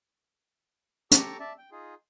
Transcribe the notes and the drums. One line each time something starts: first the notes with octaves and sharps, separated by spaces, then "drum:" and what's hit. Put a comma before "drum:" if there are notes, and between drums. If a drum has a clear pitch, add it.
G4 A4 A#5 C#6 D6 E6, drum: hi-hat
D5 E5 A5
G5
D#4 F4 G#4